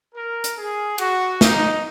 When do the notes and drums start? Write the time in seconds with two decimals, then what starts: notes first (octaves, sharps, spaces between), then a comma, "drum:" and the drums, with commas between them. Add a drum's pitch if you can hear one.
0.14 A#4
0.44 drum: hi-hat
0.56 G#4
0.98 F#4, drum: cymbal
1.41 D#4, drum: snare